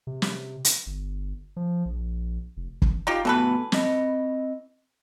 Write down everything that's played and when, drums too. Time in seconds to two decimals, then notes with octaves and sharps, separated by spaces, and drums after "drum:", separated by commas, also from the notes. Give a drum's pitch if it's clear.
0.07 C3
0.22 drum: snare
0.65 drum: hi-hat
0.87 G1
1.56 F3
1.85 A#1
2.57 F1
2.82 drum: kick
3.07 D#4 F4 G4
3.25 E3 A3 B3 F#4 A4 B4
3.72 C4 D#5, drum: snare